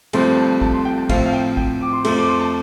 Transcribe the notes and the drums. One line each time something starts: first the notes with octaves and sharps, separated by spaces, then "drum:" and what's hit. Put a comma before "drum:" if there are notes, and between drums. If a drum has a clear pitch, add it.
G2 F3 A3 C4 C6, drum: cymbal
A5
A5, drum: kick
C6
G5
A5
A2 F3 C4 F5, drum: kick, cymbal
F5
G5
G5, drum: kick
D6
C6
F2 F3 A3 C6, drum: cymbal
D6
C6
A5